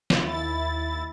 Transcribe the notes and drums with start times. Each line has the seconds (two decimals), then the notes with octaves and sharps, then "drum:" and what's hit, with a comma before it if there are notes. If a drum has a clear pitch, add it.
0.10 drum: snare
0.23 D#2 E4 A6